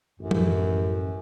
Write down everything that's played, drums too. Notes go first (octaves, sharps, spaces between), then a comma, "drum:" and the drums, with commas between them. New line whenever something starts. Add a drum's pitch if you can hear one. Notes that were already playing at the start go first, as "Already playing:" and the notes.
A1 F#2
drum: tom F3